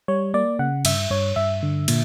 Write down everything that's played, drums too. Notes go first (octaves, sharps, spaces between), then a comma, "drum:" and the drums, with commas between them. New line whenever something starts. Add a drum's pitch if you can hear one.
G3 C#5
A#3 D5
C#3 F#5
G2 E5, drum: cymbal
G2 C#5
G2 E5
D3
A#2, drum: cymbal